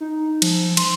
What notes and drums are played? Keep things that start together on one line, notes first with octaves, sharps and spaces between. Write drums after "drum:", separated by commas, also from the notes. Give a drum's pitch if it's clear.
D#4
F3, drum: cymbal
C6, drum: cymbal